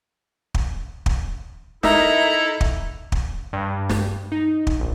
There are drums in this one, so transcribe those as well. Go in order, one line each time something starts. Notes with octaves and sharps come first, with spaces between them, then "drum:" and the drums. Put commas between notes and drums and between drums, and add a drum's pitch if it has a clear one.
drum: kick
drum: kick
D#4 E4 A4 A#4 E5 A#5, drum: snare
drum: kick
drum: kick
G2
drum: snare
D#4
drum: kick
A#1